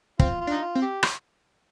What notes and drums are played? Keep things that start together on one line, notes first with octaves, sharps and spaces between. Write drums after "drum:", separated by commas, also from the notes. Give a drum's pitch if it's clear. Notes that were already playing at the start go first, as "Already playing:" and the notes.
C4 F4, drum: kick
F4
D4
D#4
F4
C4
G4
drum: rim click